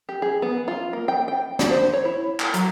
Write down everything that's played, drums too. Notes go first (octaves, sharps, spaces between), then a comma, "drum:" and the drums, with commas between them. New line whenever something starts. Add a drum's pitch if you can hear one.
G4
G#4
B3
F4
A#3
G5
G5
D4, drum: snare
C5
C#5
E4
drum: clap
F#3, drum: hi-hat